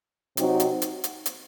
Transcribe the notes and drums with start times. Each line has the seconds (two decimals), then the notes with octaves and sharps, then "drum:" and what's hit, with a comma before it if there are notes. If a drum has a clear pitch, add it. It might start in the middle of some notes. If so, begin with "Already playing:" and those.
0.37 C3 F#3 C4 D#4 F#4, drum: hi-hat
0.60 drum: hi-hat
0.82 drum: hi-hat
1.04 drum: hi-hat
1.26 drum: hi-hat